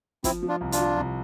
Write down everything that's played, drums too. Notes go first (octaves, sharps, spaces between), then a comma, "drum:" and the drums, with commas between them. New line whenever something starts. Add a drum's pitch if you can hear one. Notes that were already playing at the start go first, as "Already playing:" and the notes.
F3 C4 E4, drum: kick, hi-hat
F3
D4 F4
C2
D4 F4, drum: hi-hat
F3
C2